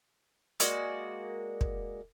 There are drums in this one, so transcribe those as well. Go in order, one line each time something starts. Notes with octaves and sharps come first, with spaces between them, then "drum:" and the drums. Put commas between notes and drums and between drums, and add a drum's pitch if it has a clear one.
G#3 A#3 F#4 D5, drum: hi-hat
drum: kick